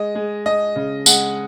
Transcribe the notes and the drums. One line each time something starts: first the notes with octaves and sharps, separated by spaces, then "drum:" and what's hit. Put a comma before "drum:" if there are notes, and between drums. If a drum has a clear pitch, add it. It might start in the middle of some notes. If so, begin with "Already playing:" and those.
Already playing: G#3 D#5
G#3
G#3 D#5
C#3
G#3 F#5, drum: tambourine